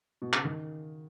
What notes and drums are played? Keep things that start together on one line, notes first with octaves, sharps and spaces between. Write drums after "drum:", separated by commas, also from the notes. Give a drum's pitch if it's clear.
B2
C#3, drum: clap
D#3